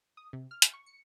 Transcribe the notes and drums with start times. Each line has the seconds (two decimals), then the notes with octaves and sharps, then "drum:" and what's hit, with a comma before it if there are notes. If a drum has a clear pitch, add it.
0.17 D#6
0.33 C3
0.51 F6
0.62 drum: hi-hat
0.73 C#6
0.86 C#7